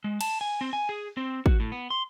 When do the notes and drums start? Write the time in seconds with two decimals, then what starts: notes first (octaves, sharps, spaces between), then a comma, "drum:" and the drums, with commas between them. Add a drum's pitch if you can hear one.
0.04 G#3
0.21 A5, drum: cymbal
0.41 G#5
0.61 C4
0.73 G#5
0.89 G#4
1.17 C4
1.46 F#4, drum: kick
1.60 A2
1.72 B3
1.91 C6